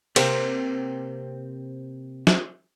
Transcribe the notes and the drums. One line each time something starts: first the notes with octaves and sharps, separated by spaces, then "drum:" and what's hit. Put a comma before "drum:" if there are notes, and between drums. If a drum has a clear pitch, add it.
C3 A#3 C4, drum: cymbal
drum: snare